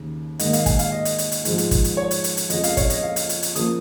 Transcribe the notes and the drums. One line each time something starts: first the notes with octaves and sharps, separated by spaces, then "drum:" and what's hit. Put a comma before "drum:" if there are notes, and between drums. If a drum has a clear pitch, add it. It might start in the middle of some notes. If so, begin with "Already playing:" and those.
Already playing: D#2 C#3
G#2 D#3 A#3 D#5, drum: hi-hat
F5, drum: hi-hat
G#5, drum: kick, hi-hat
F5, drum: hi-hat
D#5
drum: hi-hat
drum: hi-hat
drum: hi-hat
G#2 F3 G#3, drum: hi-hat
drum: hi-hat
drum: kick, hi-hat
drum: hi-hat
C#5
drum: hi-hat
drum: hi-hat
drum: hi-hat
F2 C#3 G#3 D#5, drum: hi-hat
F5, drum: hi-hat
C#5, drum: kick, hi-hat
D#5, drum: hi-hat
F5
drum: hi-hat
drum: hi-hat
drum: hi-hat
C#3 F3 A#3 D#6, drum: hi-hat